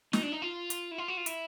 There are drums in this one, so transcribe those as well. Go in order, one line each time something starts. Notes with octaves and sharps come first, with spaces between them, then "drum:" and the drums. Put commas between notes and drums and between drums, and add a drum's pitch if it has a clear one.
D#4, drum: snare
D4
D#4
F4
drum: hi-hat
E4
F4
F#4
F4
E4, drum: hi-hat